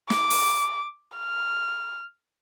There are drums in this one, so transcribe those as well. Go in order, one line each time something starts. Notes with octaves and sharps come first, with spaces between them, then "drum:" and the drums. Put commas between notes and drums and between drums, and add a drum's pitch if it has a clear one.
D6, drum: snare
drum: open hi-hat
F6